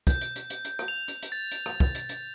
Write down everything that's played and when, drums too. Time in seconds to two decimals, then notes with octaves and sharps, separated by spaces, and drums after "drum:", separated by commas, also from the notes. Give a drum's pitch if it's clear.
0.07 G6, drum: kick, hi-hat
0.21 drum: hi-hat
0.36 drum: hi-hat
0.50 drum: hi-hat
0.65 drum: hi-hat
0.79 drum: rim click
0.88 F7
1.08 drum: hi-hat
1.23 drum: hi-hat
1.32 A6
1.51 drum: hi-hat
1.66 drum: rim click
1.80 drum: kick
1.95 drum: hi-hat
2.09 drum: hi-hat